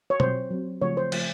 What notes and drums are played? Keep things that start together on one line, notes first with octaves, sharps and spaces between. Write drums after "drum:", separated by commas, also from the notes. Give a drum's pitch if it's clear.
C#5
F#3 C4 C5, drum: tom B2
F#3 C4
C#3 F3 A3 C#5
C5
C#3 F3 A3, drum: cymbal